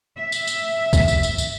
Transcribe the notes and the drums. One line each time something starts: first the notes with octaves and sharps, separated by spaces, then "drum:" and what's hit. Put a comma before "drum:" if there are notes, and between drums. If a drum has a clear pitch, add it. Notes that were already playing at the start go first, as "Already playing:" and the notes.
E5
drum: tambourine
drum: tambourine
drum: kick, tambourine
drum: tambourine
drum: tambourine
drum: tambourine